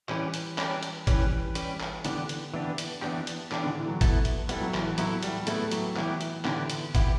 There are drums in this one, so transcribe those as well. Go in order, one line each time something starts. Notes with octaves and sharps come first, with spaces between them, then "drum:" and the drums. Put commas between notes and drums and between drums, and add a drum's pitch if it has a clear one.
E3 G3 C#4 G4 B4, drum: clap
drum: hi-hat
G3 C#4 G4 B4, drum: clap
drum: hi-hat
E3 G3 C#4 G4 B4, drum: kick G#1, hi-hat
G3 C#4 G4 B4, drum: hi-hat
drum: clap
D3 E3 B3 D4 G4, drum: hi-hat
drum: hi-hat
E3 B3 D4 G4
drum: hi-hat
E3 B3 D4 G4, drum: clap
drum: hi-hat
E3 B3 D4 G4, drum: clap
D3
E3
F#3
B3 E4 A4, drum: kick G#1, hi-hat
drum: hi-hat
G3 B3 E4 A4, drum: hi-hat
F#3
E3, drum: clap
E3
F#3 B3 E4 A4, drum: hi-hat
G3, drum: hi-hat
A3 B3 E4 A4, drum: hi-hat
F#3, drum: hi-hat
E3 B3 E4 G4, drum: clap
drum: hi-hat
D3 B3 E4 G4, drum: clap
drum: hi-hat
B3 E4 G4, drum: kick G#1, hi-hat